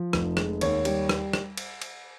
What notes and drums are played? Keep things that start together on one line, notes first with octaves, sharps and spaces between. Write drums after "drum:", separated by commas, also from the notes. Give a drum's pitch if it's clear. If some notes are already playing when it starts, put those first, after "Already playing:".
Already playing: F3
F1, drum: rim click
G#3, drum: rim click
D#2 C#5, drum: cymbal
G3, drum: cymbal
drum: rim click
drum: rim click
drum: cymbal
drum: cymbal